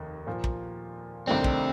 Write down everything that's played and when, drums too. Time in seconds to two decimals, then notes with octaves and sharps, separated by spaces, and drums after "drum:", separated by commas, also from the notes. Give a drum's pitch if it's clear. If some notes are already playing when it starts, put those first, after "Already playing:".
Already playing: F1 D#2 D#3
0.27 A#2 F3 A#3
0.44 drum: kick
1.27 C2 C3 D#3 A3 C4 D4
1.44 drum: kick